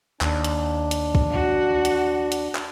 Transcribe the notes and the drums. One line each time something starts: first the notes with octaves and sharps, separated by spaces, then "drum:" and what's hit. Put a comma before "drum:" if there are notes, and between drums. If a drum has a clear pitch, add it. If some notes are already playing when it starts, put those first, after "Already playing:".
D#2 D4, drum: clap
drum: hi-hat
drum: hi-hat
drum: kick
F#4
drum: hi-hat
drum: hi-hat
drum: clap